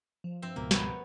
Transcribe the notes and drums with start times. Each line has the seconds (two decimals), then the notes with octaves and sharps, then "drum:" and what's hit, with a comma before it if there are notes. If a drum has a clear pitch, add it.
0.24 F3
0.42 G2 F3 C4 E5
0.56 C#2 G#2 B2 A#3
0.71 B3 C#5, drum: snare